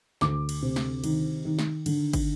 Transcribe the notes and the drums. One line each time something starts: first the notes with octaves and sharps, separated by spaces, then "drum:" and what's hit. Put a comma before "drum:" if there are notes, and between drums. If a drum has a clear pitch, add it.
D2 D6, drum: snare
drum: cymbal
C3
drum: snare
D#3, drum: cymbal
D#3
drum: snare
D3, drum: cymbal
drum: kick, cymbal